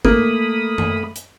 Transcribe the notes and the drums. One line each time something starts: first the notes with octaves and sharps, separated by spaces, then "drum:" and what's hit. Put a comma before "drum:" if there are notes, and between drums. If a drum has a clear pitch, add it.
A3 A#3 B5 D#6, drum: kick
drum: tom F#2
drum: hi-hat